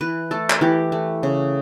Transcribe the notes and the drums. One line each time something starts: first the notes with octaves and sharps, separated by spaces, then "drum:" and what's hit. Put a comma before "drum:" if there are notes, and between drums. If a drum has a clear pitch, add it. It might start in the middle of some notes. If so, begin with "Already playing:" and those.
E3 B4
A3 A4
drum: clap
E3 G4
A3
C#3